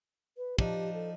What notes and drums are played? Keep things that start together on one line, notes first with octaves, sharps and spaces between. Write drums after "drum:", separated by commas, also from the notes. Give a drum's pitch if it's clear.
B4
F3 D4 D#4 G4, drum: kick
A4